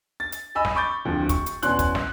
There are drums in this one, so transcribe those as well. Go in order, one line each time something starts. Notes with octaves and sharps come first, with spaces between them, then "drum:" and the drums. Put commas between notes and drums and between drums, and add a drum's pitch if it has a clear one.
A6
drum: hi-hat
D#5 G#5 B5 E6
drum: snare
B5 C#6 D6 G6 A6
D1 F2 D3
C#6, drum: kick, hi-hat
drum: hi-hat
E2 B2 C#4 D5 C6 F#6, drum: hi-hat
drum: kick, hi-hat
drum: snare